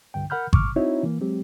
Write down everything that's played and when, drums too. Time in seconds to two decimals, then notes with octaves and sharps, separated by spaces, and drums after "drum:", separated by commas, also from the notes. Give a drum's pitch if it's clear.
0.14 C2 G2 D3 G5
0.30 A#4 F#5 B5 F6 G6
0.53 C#6 D6 F6, drum: kick G#1
0.76 C4 D#4 E4 F#4 C#5 E5
1.03 E3 A#3
1.20 F#3 G#3 C4 G4